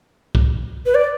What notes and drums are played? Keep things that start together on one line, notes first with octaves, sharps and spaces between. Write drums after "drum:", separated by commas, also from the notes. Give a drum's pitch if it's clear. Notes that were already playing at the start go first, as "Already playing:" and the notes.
drum: kick
B4
D5